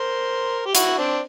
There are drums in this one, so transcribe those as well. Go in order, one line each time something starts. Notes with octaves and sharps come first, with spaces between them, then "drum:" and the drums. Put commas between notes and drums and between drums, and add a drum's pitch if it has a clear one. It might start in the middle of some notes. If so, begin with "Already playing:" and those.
Already playing: A#4 C5
G4
E4 F#4, drum: hi-hat
C4 D4